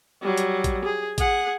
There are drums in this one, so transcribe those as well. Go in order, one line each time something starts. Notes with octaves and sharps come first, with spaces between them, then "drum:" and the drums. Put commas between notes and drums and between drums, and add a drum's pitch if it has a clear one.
F#3 G3
drum: hi-hat
drum: kick A1, hi-hat
G#4
G#4 F#5, drum: kick A1, hi-hat